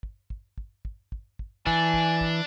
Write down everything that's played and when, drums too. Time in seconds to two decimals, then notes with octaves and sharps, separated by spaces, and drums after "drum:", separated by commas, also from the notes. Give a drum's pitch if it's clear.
0.03 drum: kick
0.30 drum: kick
0.58 drum: kick
0.85 drum: kick
1.12 drum: kick
1.39 drum: kick
1.67 E3 D4 G#5, drum: kick
1.94 drum: kick
2.21 drum: kick